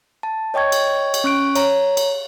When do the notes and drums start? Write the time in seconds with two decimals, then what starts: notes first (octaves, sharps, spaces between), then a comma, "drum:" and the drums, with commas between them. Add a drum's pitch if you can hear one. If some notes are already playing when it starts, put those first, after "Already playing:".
0.23 A5
0.54 C#5 D#5 G5 C#6 G#6
0.72 drum: cymbal
1.14 drum: cymbal
1.24 C#4 C#6 F#6 D7
1.56 C#5 A#5, drum: cymbal
1.97 drum: cymbal